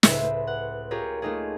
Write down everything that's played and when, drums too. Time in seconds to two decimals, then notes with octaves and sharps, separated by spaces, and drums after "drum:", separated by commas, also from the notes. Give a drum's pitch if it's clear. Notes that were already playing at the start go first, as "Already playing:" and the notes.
0.03 C#2 A2 B4 C5 E5, drum: snare
0.47 F#5
0.91 F4 G4 G#4 A#4 C#5
1.22 A3 A#3 D#4 F4 G#4